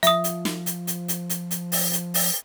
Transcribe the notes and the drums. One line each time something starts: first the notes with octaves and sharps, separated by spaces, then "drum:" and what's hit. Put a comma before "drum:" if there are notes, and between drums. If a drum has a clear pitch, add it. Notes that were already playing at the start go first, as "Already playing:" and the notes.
F3 E5 D#6, drum: hi-hat
drum: hi-hat
drum: snare
drum: hi-hat
drum: hi-hat
drum: hi-hat
drum: hi-hat
drum: hi-hat
drum: open hi-hat
drum: hi-hat
drum: open hi-hat